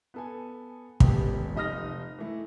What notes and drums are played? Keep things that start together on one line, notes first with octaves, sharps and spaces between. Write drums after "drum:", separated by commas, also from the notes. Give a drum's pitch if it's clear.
B3 A4 G#5
D#1 G#2 B3 G4, drum: kick
F1 D#4 D#5 D#6 F6 A#6
E3 A3